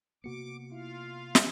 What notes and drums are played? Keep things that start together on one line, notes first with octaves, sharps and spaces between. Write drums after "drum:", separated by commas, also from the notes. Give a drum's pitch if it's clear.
C3 A#3 B3 F#4 D6 C#7
E4 F4 F5
drum: snare